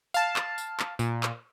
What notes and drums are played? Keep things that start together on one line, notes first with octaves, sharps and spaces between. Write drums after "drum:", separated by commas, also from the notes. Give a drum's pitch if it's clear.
F5 A5, drum: tambourine
drum: clap
drum: tambourine
drum: clap
A#2, drum: tambourine
drum: clap